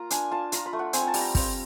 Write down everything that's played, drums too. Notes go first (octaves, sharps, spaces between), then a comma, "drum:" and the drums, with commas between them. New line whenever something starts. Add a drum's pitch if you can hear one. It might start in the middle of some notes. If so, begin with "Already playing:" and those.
Already playing: A#3 F4 A#5
D4 G#5, drum: hi-hat
F4 A5
F4 A#5, drum: hi-hat
B5
A3
F#5
C4 G#5, drum: hi-hat
A#5
A5
G3, drum: open hi-hat
A#5
C4, drum: kick, open hi-hat